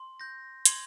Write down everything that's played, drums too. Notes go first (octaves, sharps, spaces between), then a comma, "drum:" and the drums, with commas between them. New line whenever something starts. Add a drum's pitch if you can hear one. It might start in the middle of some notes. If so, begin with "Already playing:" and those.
Already playing: C6
G6 A#6
C6 G#6, drum: hi-hat